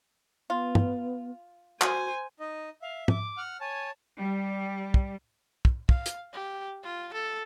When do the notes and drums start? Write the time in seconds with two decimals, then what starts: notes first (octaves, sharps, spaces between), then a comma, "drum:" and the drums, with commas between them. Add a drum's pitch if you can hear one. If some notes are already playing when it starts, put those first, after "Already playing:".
0.50 B3 F4
0.75 drum: tom
1.81 F#4 C5 G#5, drum: clap
2.40 D#4 D#5
2.82 E5 F5
3.08 D6, drum: tom
3.37 F#5 F6
3.61 C#5 G#5 A5
4.19 G3
4.94 drum: kick
5.65 drum: kick
5.89 F5, drum: kick
6.06 drum: hi-hat
6.33 G4
6.83 F4
7.13 A4